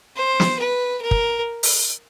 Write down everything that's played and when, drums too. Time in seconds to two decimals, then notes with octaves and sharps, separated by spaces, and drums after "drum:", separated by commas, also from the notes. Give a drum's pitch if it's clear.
0.16 C5
0.40 drum: snare
0.59 B4
1.02 A#4
1.11 drum: kick
1.63 drum: open hi-hat